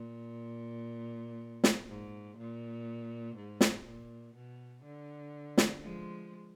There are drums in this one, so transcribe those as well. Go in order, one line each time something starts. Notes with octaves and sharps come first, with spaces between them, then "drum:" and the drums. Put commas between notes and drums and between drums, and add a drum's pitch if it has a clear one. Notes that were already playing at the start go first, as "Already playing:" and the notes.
Already playing: A#2
drum: snare
G#2
A#2
G#2
drum: snare
A#2
B2
D3
drum: snare
F3 G#3